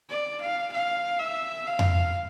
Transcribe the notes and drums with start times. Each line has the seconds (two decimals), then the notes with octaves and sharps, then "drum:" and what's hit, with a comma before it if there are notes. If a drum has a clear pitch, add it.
0.10 D5
0.41 F5
0.72 F5
1.19 E5
1.67 F5
1.79 drum: tom F2